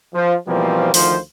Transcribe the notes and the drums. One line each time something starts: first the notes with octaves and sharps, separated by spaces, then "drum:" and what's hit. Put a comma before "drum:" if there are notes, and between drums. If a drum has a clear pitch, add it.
F3
B2 E3 F3 G3 A#3 C4
D2 D#3 F3 F4 C5, drum: open hi-hat